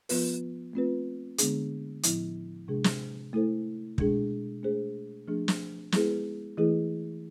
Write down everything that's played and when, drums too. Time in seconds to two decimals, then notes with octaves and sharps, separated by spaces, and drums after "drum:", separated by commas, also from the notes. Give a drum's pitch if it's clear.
0.09 F3 B3 F4 B4, drum: open hi-hat
0.73 A3 C4 F4 B4
1.38 D3 G#3 B3 D4 G#4, drum: hi-hat
2.03 A2 F3 B3 E4, drum: hi-hat
2.68 C3 G#3 D4 G#4
2.84 drum: snare
3.33 A3 E4 A4 C5
3.98 B2 G#3 D4 G#4, drum: kick
4.63 A3 D4 G#4 C5
5.28 F3 A3 D4 G#4
5.48 drum: snare
5.92 G#3 B3 E4 G#4 B4, drum: snare
6.57 E3 A3 E4 G#4 B4